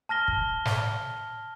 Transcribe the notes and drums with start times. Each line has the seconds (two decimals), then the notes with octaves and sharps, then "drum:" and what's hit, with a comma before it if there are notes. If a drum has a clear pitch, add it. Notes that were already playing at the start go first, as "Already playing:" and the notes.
0.09 A5 F6 A#6 G7
0.28 drum: kick
0.65 drum: snare